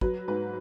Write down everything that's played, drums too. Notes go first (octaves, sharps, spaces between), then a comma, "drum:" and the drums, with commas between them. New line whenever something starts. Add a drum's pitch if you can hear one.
F#3 B4, drum: kick
G#2 B4